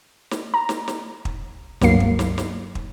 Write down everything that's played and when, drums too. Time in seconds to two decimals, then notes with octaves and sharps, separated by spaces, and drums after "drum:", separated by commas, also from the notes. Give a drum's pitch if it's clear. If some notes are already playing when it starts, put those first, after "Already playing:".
0.31 drum: snare
0.54 A#5
0.69 drum: snare
0.88 drum: snare
1.25 drum: kick
1.81 C#2 G2 F#3 A#3 C7, drum: snare
2.00 drum: kick
2.19 drum: snare
2.38 drum: snare
2.75 drum: kick